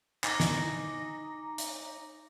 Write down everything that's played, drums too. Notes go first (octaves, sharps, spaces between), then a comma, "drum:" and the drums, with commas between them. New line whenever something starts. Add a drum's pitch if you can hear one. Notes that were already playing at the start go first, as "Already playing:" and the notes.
D#4 G#5 D6 A#6, drum: clap
drum: snare
drum: hi-hat